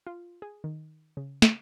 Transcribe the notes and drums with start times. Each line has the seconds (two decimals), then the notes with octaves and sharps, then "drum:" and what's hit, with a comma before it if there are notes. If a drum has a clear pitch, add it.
0.07 F4
0.42 G#4
0.64 D#3
1.17 C#3
1.42 drum: snare